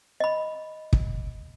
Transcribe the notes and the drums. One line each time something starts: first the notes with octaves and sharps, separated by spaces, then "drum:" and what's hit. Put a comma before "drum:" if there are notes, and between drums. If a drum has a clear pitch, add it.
D#5 B5
drum: kick